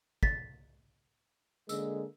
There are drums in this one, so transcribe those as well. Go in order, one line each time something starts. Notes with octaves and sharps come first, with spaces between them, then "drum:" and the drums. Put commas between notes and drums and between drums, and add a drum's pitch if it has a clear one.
A6 B6, drum: kick
D3 G#3 A#3 E6, drum: tambourine